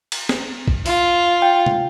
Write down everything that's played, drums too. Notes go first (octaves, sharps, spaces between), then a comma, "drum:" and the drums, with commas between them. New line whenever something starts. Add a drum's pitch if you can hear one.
drum: cymbal
drum: snare
drum: kick
F4, drum: open hi-hat
G5
drum: tom